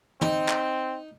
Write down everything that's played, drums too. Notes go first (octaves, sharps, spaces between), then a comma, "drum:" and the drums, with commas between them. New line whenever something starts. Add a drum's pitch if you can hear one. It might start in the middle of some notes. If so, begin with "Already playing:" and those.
C4 D#4, drum: tom
drum: clap